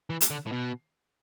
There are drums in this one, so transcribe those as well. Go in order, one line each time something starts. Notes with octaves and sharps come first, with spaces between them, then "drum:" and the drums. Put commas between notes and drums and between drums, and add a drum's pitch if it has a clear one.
E3
drum: hi-hat
D3
A2
B2